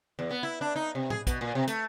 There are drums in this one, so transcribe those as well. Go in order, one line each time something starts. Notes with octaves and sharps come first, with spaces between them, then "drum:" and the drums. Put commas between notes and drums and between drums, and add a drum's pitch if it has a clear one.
E2
B3
E4
D4
D#4
C3
G#4, drum: tom A2
B2, drum: kick, hi-hat
A#2
C3
A3, drum: hi-hat